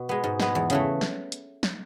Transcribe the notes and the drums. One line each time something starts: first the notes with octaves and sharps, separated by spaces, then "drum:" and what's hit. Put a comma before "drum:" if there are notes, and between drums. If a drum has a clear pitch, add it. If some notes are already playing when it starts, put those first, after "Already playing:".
Already playing: B2
G#3 B3
G#2
G#3 B3, drum: snare
E2
C#3 E3 A3, drum: hi-hat
drum: snare
drum: hi-hat
drum: snare